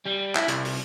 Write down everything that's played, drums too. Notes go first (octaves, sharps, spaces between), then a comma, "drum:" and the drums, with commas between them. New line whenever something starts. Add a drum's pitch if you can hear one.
G3
E4, drum: clap
C2, drum: hi-hat
drum: open hi-hat